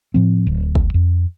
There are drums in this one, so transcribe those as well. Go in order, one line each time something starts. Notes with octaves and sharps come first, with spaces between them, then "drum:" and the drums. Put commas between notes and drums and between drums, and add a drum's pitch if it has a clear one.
A2 F3 C4
D1
drum: kick
F2